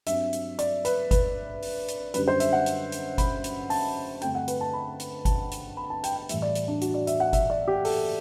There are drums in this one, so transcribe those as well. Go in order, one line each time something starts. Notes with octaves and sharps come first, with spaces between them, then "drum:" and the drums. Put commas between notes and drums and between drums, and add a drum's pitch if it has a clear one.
G2 F#3 C4 E5, drum: hi-hat
drum: hi-hat
D5, drum: hi-hat
B4, drum: hi-hat
B4, drum: kick G1, hi-hat
drum: open hi-hat
drum: hi-hat
F#2 D3 G3 B4, drum: hi-hat
C5
E5, drum: hi-hat
F#5
drum: hi-hat
drum: hi-hat
B5, drum: kick G1, hi-hat
drum: hi-hat
A5, drum: open hi-hat
G2 D3 A3 C4 G5, drum: hi-hat
F#5
B4, drum: hi-hat
A5
B5
drum: hi-hat
A5, drum: kick G1, hi-hat
drum: hi-hat
B5
A5
G5, drum: hi-hat
G5
A2 E3 G3 E5, drum: hi-hat
D5
drum: hi-hat
D4
F#4, drum: hi-hat
D5
E5, drum: hi-hat
F#5
E5, drum: kick G1, hi-hat
D5
G4
A4, drum: open hi-hat